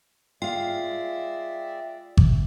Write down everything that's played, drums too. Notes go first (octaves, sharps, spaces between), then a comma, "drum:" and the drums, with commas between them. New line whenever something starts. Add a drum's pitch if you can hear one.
G#3 F4 D5 E5 F5 G5
drum: kick G#1